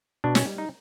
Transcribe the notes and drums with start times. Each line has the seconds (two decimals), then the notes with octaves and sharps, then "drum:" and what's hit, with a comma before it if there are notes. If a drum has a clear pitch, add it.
0.24 B2 D4
0.35 C#4, drum: snare
0.47 G3
0.58 D#4